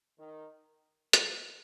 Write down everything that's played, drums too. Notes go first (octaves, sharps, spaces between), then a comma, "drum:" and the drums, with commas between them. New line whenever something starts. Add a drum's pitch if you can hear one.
D#3
F3, drum: hi-hat